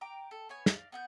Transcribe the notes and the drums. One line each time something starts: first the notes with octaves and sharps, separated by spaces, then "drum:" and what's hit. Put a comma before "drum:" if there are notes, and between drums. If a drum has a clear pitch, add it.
G5 A#5 D6
A4
B3 C#5 G#5
D5 F5, drum: snare
B3 F#5 G6